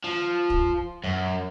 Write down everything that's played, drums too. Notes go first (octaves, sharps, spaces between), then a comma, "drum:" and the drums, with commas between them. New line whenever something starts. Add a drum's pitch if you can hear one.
F3
drum: kick
F#2